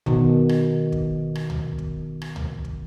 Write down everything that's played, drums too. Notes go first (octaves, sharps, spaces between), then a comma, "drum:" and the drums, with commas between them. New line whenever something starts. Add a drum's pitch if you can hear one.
B2 D#3, drum: kick
drum: rim click
drum: kick
drum: rim click
drum: tom C#2
drum: kick
drum: rim click
drum: tom C#2
drum: kick